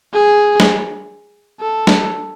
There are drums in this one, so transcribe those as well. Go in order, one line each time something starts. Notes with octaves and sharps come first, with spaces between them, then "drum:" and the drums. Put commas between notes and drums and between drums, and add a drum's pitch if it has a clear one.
G#4
drum: snare
A4
drum: snare